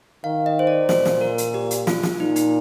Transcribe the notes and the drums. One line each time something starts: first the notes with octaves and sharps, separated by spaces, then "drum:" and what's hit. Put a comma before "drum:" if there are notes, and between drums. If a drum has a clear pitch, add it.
D#3 F5
D#5
C5
D5
A#2 C5, drum: snare
drum: snare
A#4
drum: hi-hat
G4
drum: hi-hat
F4, drum: snare
drum: snare
A#2 D#4
D#4, drum: hi-hat